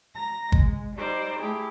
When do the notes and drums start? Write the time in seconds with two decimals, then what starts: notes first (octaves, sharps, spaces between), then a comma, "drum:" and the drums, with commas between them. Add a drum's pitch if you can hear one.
0.14 A#5 A#6
0.52 G#3, drum: kick
0.95 G3 D#4 C5 D5 A#5
1.39 A3 E4 G4 G#4